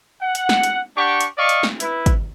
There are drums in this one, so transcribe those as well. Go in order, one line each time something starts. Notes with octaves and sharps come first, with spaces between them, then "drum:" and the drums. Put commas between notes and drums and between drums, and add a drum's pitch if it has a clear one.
F#5
drum: hi-hat
drum: snare
drum: hi-hat
D4 G4 F#5 C#6
drum: hi-hat
D5 D#5 F5 C#6
drum: hi-hat
drum: snare
E4 B4, drum: hi-hat
drum: kick, hi-hat